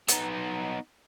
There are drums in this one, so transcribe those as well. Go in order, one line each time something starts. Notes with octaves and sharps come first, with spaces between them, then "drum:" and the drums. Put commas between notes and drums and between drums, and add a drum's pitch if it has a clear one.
B3 D#4, drum: hi-hat